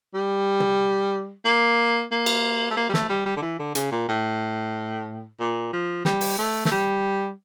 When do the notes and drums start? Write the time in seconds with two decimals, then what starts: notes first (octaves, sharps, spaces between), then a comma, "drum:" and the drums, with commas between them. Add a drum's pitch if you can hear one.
0.14 G3
0.60 drum: tom
1.45 A#3
2.11 A#3
2.26 drum: cymbal
2.70 A3
2.77 A#3
2.89 G3
2.94 A3, drum: snare
3.09 G3
3.26 G3
3.37 D3
3.42 E3
3.59 D3
3.75 C#3, drum: hi-hat
3.91 A#2
4.09 A2
5.40 A#2
5.73 F3
6.05 G3, drum: snare
6.21 drum: open hi-hat
6.38 A3
6.65 A3, drum: snare
6.72 G3